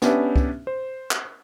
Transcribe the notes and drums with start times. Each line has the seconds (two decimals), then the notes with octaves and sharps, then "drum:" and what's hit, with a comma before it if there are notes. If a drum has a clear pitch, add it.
0.02 B3 C#4 D4 G4 B4 E5, drum: snare
0.36 drum: kick
0.67 C5
1.11 drum: clap